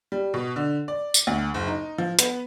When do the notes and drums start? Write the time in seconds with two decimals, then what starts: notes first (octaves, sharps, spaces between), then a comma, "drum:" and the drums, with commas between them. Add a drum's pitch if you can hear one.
0.12 G3
0.34 B2
0.56 D3
0.88 D5
1.14 drum: tambourine
1.27 D2
1.54 F#1
1.68 D#4
1.98 F3
2.19 B3, drum: hi-hat